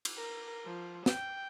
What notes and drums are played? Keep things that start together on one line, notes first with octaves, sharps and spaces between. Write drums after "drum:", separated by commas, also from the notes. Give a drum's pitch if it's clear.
drum: cymbal
A#4
F3
G5, drum: snare